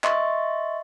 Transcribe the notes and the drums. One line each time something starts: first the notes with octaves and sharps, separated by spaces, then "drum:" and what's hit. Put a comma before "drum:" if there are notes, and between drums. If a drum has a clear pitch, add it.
D#5 E5 C6 C#6 A6, drum: clap